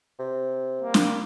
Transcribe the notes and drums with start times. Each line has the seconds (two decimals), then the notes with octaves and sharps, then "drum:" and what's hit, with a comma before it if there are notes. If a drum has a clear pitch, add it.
0.19 C3
0.81 G3 A#3
0.94 drum: snare